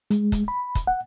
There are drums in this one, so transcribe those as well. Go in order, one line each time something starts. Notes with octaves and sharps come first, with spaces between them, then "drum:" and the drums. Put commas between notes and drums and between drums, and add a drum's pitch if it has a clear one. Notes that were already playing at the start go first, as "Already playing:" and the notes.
G#3, drum: hi-hat
drum: kick, hi-hat
B5
drum: kick, hi-hat
F#5